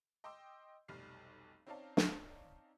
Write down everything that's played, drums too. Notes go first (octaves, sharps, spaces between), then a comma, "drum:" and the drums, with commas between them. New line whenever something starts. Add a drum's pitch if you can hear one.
D#5 G5 C6 D6 E6
F1 B1 G3 F6 C7
C4 C#4 D#4 D5 F5 A5
drum: snare